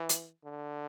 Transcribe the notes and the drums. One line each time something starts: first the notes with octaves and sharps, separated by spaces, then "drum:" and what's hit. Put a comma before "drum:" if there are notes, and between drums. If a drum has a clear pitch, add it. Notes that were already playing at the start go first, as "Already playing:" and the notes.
Already playing: E3
drum: hi-hat
D3